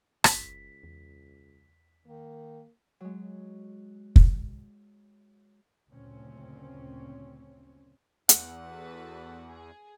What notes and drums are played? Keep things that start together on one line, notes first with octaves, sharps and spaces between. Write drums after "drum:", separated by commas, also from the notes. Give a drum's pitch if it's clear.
F#1 C#2 B6, drum: rim click
E2
D#3 A#3
F#3 G#3
drum: kick
F#1 D2 A#2 C4 C#4
E2 F#5, drum: hi-hat
F#4 A4 B4
G#4